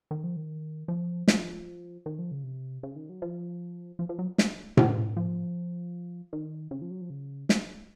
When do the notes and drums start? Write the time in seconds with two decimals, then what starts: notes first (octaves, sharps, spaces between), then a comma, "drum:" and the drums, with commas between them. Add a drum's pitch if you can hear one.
0.11 D#3
0.24 F3
0.36 D#3
0.88 F3
1.28 F3, drum: snare
2.06 D#3
2.19 F3
2.32 C#3
2.44 C3
2.83 C#3
2.96 D#3
3.09 F#3
3.22 F3
3.99 F3
4.09 F3
4.19 F#3
4.38 drum: snare
4.77 drum: tom A2
5.17 F3
6.33 D#3
6.71 C#3
6.82 F3
6.91 F#3
7.01 F3
7.10 C#3
7.49 drum: snare